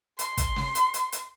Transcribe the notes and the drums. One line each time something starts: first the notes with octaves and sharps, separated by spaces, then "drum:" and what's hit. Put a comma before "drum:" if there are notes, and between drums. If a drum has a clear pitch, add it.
C6, drum: hi-hat
drum: kick, hi-hat
drum: snare
drum: hi-hat
drum: hi-hat
drum: hi-hat